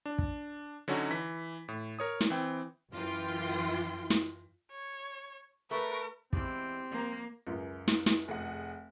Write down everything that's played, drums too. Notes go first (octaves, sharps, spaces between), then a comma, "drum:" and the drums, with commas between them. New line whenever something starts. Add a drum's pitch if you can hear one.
D4
drum: kick
D3 F#3 C#4 D#4 F#4
E3 B6
A2
A#4 C#5 D#6
drum: snare
E3 C4 G5
F#2 E3 F4 G5 C6
drum: snare
C#5
A3 A#4 B4 C#6
E2 G#3 C4 E4 G4, drum: kick
F2 A#3 A#5
C#2 F#2
drum: snare
drum: snare
F1 G#4 F#5